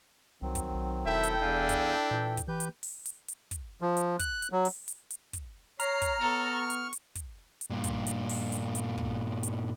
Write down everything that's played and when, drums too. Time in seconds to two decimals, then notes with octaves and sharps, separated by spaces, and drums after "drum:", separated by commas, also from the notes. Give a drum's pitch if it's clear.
0.42 C2 D#3 F#3 C4
0.55 drum: kick, hi-hat
0.75 B1
1.06 E1 E4 A4 E5 G5
1.23 drum: hi-hat
1.41 E2 D4 F5 G#5
1.69 drum: kick, hi-hat
2.11 A#2 E3
2.37 drum: kick, hi-hat
2.48 E3 G4 B4 G6
2.60 drum: hi-hat
2.83 drum: open hi-hat
3.06 drum: hi-hat
3.28 drum: hi-hat
3.51 drum: kick, hi-hat
3.81 F3
3.97 drum: hi-hat
4.19 F#6, drum: kick, hi-hat
4.42 drum: hi-hat
4.52 F#3
4.65 drum: open hi-hat
4.88 drum: hi-hat
5.10 drum: hi-hat
5.33 drum: kick, hi-hat
5.80 C#5 A#5 F6 C7, drum: hi-hat
6.02 drum: kick, hi-hat
6.21 B3 A4 C#5
6.53 C#6
6.70 drum: hi-hat
6.93 drum: hi-hat
7.15 drum: kick, hi-hat
7.61 drum: hi-hat
7.70 G2 A#2
7.84 drum: kick, hi-hat
8.06 drum: hi-hat
8.29 drum: open hi-hat
8.52 drum: hi-hat
8.75 drum: hi-hat
8.98 drum: kick
9.43 drum: hi-hat